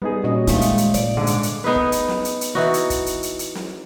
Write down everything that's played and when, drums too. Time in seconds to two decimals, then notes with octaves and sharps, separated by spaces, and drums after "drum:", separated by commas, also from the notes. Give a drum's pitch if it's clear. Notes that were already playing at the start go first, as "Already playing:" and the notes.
0.02 G3 B3 D#4 G#4
0.24 A#2 C#4 F#4 D#5
0.47 D#3 G#3 A3 F4 G4 G#4, drum: hi-hat
0.61 drum: hi-hat
0.78 drum: hi-hat
0.94 A#2 D5, drum: kick, hi-hat
1.17 G#2 D3
1.27 drum: hi-hat
1.43 drum: hi-hat
1.64 B3 D#4 G#4 B4
1.76 drum: kick
1.92 drum: hi-hat
2.08 drum: snare
2.25 drum: hi-hat
2.41 drum: hi-hat
2.55 E3 D#4 F#4
2.74 drum: hi-hat
2.90 drum: kick, hi-hat
3.06 drum: hi-hat
3.23 drum: hi-hat
3.39 drum: hi-hat
3.55 drum: snare